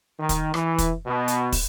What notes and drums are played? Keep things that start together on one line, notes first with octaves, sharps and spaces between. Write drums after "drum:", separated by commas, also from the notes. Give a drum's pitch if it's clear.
D#3
drum: kick, hi-hat
E3, drum: rim click
drum: kick, hi-hat
B2
drum: hi-hat
drum: kick, open hi-hat